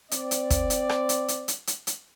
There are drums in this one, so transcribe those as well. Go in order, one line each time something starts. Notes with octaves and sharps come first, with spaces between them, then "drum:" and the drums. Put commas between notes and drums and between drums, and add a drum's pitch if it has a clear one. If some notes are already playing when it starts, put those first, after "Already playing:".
C4 D5, drum: hi-hat
drum: hi-hat
drum: kick, hi-hat
drum: hi-hat
drum: rim click
drum: hi-hat
drum: hi-hat
drum: hi-hat
drum: hi-hat
drum: hi-hat